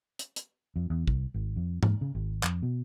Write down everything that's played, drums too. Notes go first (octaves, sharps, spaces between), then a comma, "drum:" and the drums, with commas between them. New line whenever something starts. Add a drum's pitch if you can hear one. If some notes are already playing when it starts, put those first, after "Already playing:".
drum: hi-hat
drum: hi-hat
F2
E2
C2, drum: kick
G#1
F2
G#2, drum: tom G#2
C#3
G#1
F2, drum: clap
B2